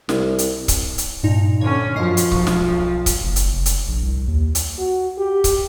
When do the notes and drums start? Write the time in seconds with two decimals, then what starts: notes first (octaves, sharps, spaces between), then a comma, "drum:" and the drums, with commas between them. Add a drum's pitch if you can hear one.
0.09 C2, drum: snare
0.38 drum: hi-hat
0.68 drum: kick C#1, hi-hat
0.98 drum: hi-hat
1.23 G2 A#2 D#4
1.61 D3 C#4 C#5
1.96 F#2 F3 D#5 G#5 C7
2.17 drum: hi-hat
2.32 B1 F3 C#6, drum: kick C#1
2.47 drum: snare
2.68 D#2
3.06 drum: kick C#1, hi-hat
3.24 F#1
3.36 drum: hi-hat
3.53 F1
3.66 drum: hi-hat
3.88 A#1
4.03 C2
4.28 D#2
4.55 drum: hi-hat
4.78 F#4
5.18 G4
5.44 drum: kick C#1, hi-hat